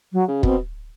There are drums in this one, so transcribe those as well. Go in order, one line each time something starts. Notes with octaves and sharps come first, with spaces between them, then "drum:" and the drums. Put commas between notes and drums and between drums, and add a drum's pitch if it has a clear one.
F#3
C#3
B2 C4, drum: kick